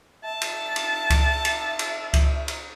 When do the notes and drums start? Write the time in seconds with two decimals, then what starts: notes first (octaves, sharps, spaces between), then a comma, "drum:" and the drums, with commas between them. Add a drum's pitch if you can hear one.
0.24 E5 A5
0.42 drum: cymbal
0.76 drum: cymbal
1.10 drum: kick C#2, cymbal
1.45 drum: cymbal
1.79 drum: cymbal
2.14 drum: kick C#2, cymbal
2.48 drum: cymbal